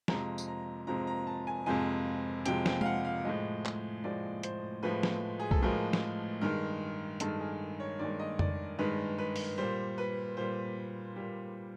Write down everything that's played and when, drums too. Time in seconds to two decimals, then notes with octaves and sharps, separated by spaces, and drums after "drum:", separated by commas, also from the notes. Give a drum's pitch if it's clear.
0.08 F2 C3 F3 G#3 A#5, drum: snare
0.38 drum: tambourine
0.48 A#5
0.87 F2 C3 F3 G#3 A#5
1.07 A#5
1.27 A5
1.47 G#5
1.66 F2 C3 F3 G#3 G#5
2.46 F2 C3 F3 G#3 G5, drum: hi-hat
2.66 G5, drum: snare
2.81 F5, drum: tom G#3
2.85 F#5
3.05 F5
3.25 A2 F3 G#3 D#5
3.65 drum: clap
4.04 A2 F3 G#3 D5
4.43 C5, drum: hi-hat
4.83 A2 F3 G#3 B4
5.03 drum: snare
5.40 G#4
5.51 A4, drum: kick B1
5.62 A2 F3 G#3 A#4
5.93 drum: snare
6.41 G2 D#3 G#3 A#4
7.20 G2 D#3 G#3 A4, drum: hi-hat
7.40 G#4
7.80 C#5
7.99 G2 D#3 G#3 D5
8.19 D#5
8.39 D5, drum: tom F2
8.79 G2 D#3 G#3 B4
9.18 B4
9.36 drum: open hi-hat
9.58 A#2 G3 C5
9.98 B4
10.37 A#2 G3 C5
11.16 A#2 G3